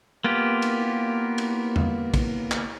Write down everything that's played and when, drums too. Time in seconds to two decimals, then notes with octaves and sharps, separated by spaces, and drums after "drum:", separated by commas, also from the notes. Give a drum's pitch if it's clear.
0.24 A#3 B3 F4 G4
0.62 drum: cymbal
1.38 drum: cymbal
1.76 drum: tom E2
2.14 drum: kick, cymbal
2.51 drum: clap